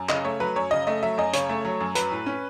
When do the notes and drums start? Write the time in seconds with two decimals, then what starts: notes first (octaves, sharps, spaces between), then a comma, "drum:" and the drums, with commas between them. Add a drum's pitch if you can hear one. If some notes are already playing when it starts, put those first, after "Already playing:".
Already playing: F#2
0.09 C#3 D#5, drum: clap
0.25 A3 C#5
0.40 F#3 B4
0.56 F#2 C#5
0.71 C#3 D#5
0.87 A3 D#5
1.03 F#3 E5
1.18 F#2 D#5
1.33 C#3 C#5, drum: hi-hat
1.49 A3
1.65 F#3
1.80 F#2
1.95 F#3 B4, drum: hi-hat
2.12 A2
2.26 C#4